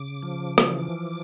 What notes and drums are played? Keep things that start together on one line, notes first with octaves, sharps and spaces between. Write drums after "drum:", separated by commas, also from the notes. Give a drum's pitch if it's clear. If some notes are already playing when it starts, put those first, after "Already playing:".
Already playing: C#3 D6
F3
drum: rim click
E3